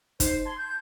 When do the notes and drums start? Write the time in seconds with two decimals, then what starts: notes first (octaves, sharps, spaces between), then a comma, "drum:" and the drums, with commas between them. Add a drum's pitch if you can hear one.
0.20 D#4 C5, drum: kick, hi-hat
0.45 A5 C6 G#6
0.58 G6